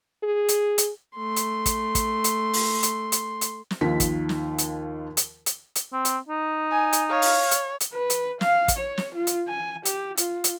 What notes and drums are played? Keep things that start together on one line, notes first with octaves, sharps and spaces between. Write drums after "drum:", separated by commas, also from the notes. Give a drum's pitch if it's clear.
G#4
drum: hi-hat
drum: hi-hat
A3 C6
drum: hi-hat
drum: kick, hi-hat
drum: kick, hi-hat
drum: hi-hat
drum: open hi-hat
drum: hi-hat
drum: hi-hat
drum: hi-hat
drum: snare
D#2 D#3 F3 D#4 F4 B6
drum: kick, hi-hat
drum: snare
drum: hi-hat
drum: hi-hat
drum: hi-hat
drum: hi-hat
C4
drum: hi-hat
D#4
G#5
drum: hi-hat
C#5 F5
drum: open hi-hat
drum: hi-hat
drum: hi-hat
B4
drum: hi-hat
F5, drum: snare
drum: kick, hi-hat
C#5
drum: snare
F4
drum: hi-hat
G#5
G4, drum: hi-hat
F4, drum: hi-hat
drum: hi-hat